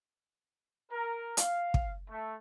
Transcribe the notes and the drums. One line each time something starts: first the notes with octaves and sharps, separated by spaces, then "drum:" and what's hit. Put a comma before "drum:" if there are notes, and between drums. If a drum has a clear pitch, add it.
A#4
F5, drum: hi-hat
drum: kick
A3